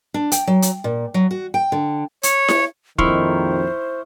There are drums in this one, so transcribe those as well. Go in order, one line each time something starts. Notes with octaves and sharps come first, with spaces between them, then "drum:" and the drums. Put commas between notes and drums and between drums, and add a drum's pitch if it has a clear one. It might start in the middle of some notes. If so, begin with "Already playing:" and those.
D4
G5, drum: hi-hat
F#3
drum: hi-hat
A#2
F#3
F#4
G5
D3
C#5, drum: hi-hat
drum: snare E4
A#1 F2 D#3 E4 C5 C6 C#6 F6, drum: kick D#1